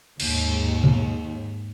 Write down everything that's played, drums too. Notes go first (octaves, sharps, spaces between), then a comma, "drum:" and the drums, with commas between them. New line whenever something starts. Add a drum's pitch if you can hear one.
D#2 G#2, drum: cymbal
drum: tom A#2